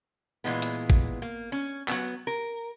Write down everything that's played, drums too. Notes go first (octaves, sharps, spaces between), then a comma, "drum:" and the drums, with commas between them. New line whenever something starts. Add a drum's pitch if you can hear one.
A#2 E3 G#3 B3
drum: hi-hat
drum: kick G#1
A#3
C#4
F#3 B3, drum: clap
A#4